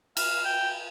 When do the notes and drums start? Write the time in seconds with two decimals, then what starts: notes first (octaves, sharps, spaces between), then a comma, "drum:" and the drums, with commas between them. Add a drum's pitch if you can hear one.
0.17 F5, drum: cymbal
0.44 G5